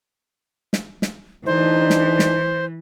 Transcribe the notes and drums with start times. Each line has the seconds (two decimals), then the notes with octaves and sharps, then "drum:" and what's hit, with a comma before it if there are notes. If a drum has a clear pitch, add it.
0.73 drum: snare
1.02 drum: snare
1.46 D2 E3 D4 D#4 C5
1.90 drum: snare
2.19 drum: snare